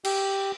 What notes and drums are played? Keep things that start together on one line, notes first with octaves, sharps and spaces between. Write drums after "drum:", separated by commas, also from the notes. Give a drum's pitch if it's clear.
G4, drum: cymbal